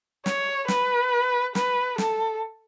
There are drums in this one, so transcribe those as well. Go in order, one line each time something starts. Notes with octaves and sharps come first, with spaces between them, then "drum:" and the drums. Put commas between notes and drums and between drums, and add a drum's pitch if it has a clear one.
C#5, drum: snare
B4, drum: snare
B4, drum: snare
A4, drum: snare